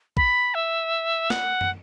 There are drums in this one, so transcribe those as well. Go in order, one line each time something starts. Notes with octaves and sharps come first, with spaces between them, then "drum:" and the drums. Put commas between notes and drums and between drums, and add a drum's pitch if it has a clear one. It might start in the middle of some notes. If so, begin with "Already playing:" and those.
B5, drum: kick
E5
F#5, drum: snare
drum: tom